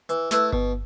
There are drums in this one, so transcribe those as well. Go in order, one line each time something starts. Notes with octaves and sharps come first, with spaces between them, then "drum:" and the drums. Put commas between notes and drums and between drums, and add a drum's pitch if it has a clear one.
E3, drum: hi-hat
A3 E4 B4, drum: snare
B2, drum: kick G1